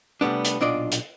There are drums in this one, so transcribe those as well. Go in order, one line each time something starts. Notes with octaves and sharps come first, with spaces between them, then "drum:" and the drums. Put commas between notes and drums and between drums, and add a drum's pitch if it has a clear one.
C3 G3 A3 B3 D4
drum: hi-hat
B1 A#2 D4 F4 D5 D#5
drum: hi-hat